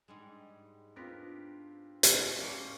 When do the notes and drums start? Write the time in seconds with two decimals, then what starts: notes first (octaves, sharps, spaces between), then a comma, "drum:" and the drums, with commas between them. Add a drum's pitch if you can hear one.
0.08 G#2 G3 G#3
0.96 B3 C4 D4 F4 G4 A#4
2.03 drum: hi-hat
2.41 A2 G3 A#3 C#4 F4 D#5